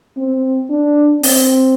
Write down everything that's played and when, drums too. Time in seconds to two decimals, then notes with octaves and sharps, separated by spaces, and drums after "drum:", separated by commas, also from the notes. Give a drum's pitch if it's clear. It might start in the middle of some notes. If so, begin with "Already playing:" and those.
0.17 C4
0.70 D4
1.23 C4, drum: open hi-hat